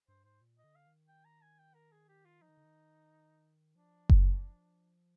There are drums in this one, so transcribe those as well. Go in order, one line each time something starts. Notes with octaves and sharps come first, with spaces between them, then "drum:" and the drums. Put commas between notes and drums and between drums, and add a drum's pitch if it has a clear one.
G2 C5
G#2 C5
A#2
D#5
D3
F5
D#3
G5
A#5
G#5
G5
A#4
G#4
G4
F4
F3 D#4
D#3
D3
D#3
F3 D4
drum: kick F#1